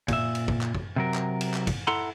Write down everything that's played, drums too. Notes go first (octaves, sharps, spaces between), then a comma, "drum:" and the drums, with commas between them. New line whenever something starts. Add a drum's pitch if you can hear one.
A#2 E5, drum: kick, cymbal
drum: cymbal
drum: kick
drum: clap
drum: kick
C3 F#3 A#4
drum: clap
drum: cymbal
drum: clap
drum: kick, cymbal
E4 A4 F#5 A#5 C6